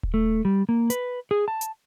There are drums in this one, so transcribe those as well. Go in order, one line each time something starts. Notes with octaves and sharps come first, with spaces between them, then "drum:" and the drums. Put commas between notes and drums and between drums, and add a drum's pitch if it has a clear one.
drum: kick D#1
A3
G3
A#3
B4, drum: hi-hat
G#4
A5
drum: hi-hat